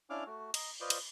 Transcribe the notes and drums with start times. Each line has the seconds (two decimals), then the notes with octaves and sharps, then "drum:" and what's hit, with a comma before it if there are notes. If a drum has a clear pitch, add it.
0.10 C#4 D4 E4 F5 D6 F6
0.26 A3 F#4
0.54 D#5 A#5, drum: cymbal
0.80 F4 B4 C5 D5 D#5
0.90 drum: cymbal